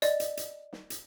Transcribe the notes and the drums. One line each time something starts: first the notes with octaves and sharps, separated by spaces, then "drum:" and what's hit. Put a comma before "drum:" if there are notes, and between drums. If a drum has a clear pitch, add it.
D5 D#5, drum: hi-hat
drum: hi-hat
drum: hi-hat
drum: snare
drum: hi-hat